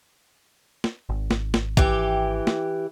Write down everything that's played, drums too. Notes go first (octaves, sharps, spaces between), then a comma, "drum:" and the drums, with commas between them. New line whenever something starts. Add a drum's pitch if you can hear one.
drum: snare
G#1
drum: snare
drum: snare
E3 G4, drum: kick A#1
drum: snare